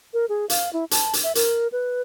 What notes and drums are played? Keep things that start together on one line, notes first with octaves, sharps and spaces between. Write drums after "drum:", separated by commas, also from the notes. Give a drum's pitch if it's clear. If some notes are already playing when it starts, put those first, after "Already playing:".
A#4
G#4
F5, drum: hi-hat
E4
A5, drum: hi-hat
drum: hi-hat
E5
A#4, drum: hi-hat
B4